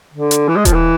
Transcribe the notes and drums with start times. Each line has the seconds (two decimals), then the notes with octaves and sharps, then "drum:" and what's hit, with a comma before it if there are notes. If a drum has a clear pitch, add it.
0.14 D3
0.31 drum: hi-hat
0.48 E3
0.56 G#3
0.65 F3, drum: kick D#1, hi-hat
0.73 E3